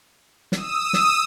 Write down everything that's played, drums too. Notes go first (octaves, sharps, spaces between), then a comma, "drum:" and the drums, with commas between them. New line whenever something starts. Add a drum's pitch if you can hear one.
D#6 E6, drum: snare
drum: snare